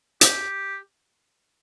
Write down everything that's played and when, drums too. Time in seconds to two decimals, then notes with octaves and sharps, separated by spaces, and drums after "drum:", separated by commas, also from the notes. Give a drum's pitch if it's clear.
0.21 G4, drum: hi-hat